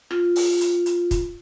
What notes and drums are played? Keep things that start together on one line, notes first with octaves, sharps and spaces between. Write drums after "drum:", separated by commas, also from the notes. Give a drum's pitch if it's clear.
F4, drum: rim click
drum: open hi-hat
drum: hi-hat
drum: hi-hat
drum: kick, hi-hat